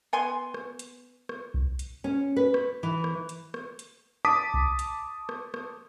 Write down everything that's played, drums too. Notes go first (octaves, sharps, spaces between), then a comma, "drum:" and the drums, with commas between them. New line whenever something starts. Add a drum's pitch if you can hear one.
B3 G#5 C6
drum: rim click
drum: hi-hat
drum: rim click
drum: kick B1
drum: hi-hat
C#4
B4
drum: rim click
E3
drum: rim click
drum: hi-hat
drum: rim click
drum: hi-hat
A5 D6 D#6 B6
drum: kick B1
drum: hi-hat
drum: rim click
drum: rim click